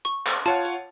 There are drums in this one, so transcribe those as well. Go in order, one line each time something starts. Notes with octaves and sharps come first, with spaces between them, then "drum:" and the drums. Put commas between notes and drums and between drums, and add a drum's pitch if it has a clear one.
C#6, drum: hi-hat
drum: clap
F4 C#5 F#5 A5, drum: hi-hat
drum: hi-hat